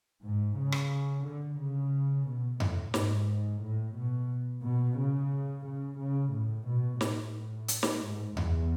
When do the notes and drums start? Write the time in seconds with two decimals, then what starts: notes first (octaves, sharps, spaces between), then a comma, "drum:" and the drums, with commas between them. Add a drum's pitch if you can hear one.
0.22 G#2
0.56 C#3
0.72 drum: rim click
1.24 D3
1.58 C#3
2.26 B2
2.60 A2, drum: tom F2
2.94 G#2, drum: snare
3.61 A2
3.96 B2
4.63 B2
4.97 C#3
5.65 C#3
5.99 C#3
6.33 A2
6.67 B2
7.01 A2, drum: snare
7.68 drum: hi-hat
7.83 drum: snare
8.03 G#2
8.37 E2, drum: tom F2